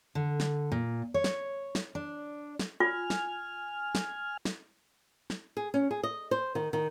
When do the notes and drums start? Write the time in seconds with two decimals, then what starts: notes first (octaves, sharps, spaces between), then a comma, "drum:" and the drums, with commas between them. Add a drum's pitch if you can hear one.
0.15 D3
0.40 drum: snare
0.72 A#2
1.14 C#5
1.24 drum: snare
1.75 drum: snare
1.95 D4
2.59 drum: snare
2.80 F4 G#5 F6
3.10 drum: snare
3.95 drum: snare
4.45 drum: snare
5.30 drum: snare
5.57 G#4
5.74 C#4
5.91 G#4
6.03 D#5
6.31 C5
6.55 D#3
6.73 D#3